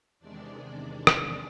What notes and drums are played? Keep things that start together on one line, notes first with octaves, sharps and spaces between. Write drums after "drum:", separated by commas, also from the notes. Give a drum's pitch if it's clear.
E2 C3 D#3 G#3 D4 D5
drum: rim click